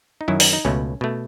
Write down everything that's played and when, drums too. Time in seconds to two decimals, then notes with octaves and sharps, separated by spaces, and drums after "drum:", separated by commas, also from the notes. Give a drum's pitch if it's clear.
0.21 D#4
0.28 F#2 D#3 F#3 E4
0.40 D#4, drum: open hi-hat
0.53 D#4
0.65 C#2 B2 A3 C#4
1.01 B2 A3